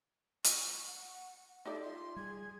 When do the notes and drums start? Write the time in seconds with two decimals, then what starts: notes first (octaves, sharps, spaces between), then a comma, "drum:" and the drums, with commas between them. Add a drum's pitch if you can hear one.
0.44 C#6, drum: hi-hat
0.86 F#5
1.65 D#4 G4 A4 D5 E5
1.83 F4 C6
2.16 G3 G#4 G#6